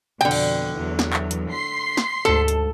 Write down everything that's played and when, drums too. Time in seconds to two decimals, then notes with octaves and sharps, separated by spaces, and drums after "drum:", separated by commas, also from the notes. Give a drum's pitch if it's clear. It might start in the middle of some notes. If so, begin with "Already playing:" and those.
0.21 F2 B2 D3 G5
0.31 drum: cymbal
0.74 E2 F#3
0.99 drum: snare
1.13 drum: clap
1.31 drum: hi-hat
1.51 C6 B6 C7
1.97 drum: snare
2.25 D2 G#2 A4 A5
2.48 drum: hi-hat